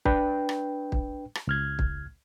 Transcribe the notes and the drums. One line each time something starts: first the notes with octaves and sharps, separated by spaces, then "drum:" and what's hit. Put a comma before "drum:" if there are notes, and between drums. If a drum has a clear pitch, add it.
D4 B4 G5, drum: kick
drum: rim click
drum: kick
drum: rim click
C#2 F6 G#6
drum: kick